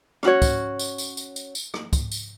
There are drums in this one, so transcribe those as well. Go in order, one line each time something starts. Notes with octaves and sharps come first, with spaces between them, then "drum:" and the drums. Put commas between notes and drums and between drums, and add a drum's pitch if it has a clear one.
C#4 F#4 C#5, drum: rim click
drum: kick, tambourine
drum: tambourine
drum: tambourine
drum: tambourine
drum: tambourine
drum: tambourine
drum: rim click
drum: kick, tambourine
drum: tambourine